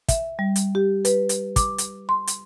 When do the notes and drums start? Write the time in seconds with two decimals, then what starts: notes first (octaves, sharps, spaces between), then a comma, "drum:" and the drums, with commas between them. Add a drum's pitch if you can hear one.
0.09 E5, drum: kick, hi-hat
0.39 G3
0.56 drum: hi-hat
0.75 G4
1.05 B4, drum: hi-hat
1.29 drum: hi-hat
1.56 D6, drum: kick, hi-hat
1.78 drum: hi-hat
2.09 C6
2.27 drum: hi-hat